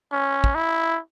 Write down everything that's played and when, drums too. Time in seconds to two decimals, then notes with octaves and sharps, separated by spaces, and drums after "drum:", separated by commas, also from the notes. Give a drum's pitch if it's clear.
0.12 C#4
0.44 drum: kick
0.55 E4